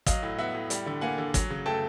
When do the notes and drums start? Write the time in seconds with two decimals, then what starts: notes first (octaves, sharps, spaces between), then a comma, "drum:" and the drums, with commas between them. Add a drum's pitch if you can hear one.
0.06 F#3 D#5 F5, drum: kick, hi-hat
0.23 A2
0.39 B3 E5 F#5
0.54 A2
0.70 G3, drum: hi-hat
0.86 D3
1.01 A#3 F#5 G#5
1.18 D3
1.34 F#3, drum: kick, hi-hat
1.50 C#3
1.66 A3 G5 A5